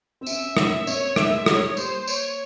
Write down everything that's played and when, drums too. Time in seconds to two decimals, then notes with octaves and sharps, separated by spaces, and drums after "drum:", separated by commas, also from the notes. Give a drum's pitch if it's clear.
0.21 C4
0.26 C#4 E5, drum: tambourine
0.57 drum: rim click
0.81 A#3
0.87 C4 C#5, drum: tambourine
1.16 A#3 E5, drum: rim click
1.32 G#3
1.46 G3 C#5, drum: rim click
1.61 G3
1.77 A#3 C5, drum: tambourine
2.07 C#5, drum: tambourine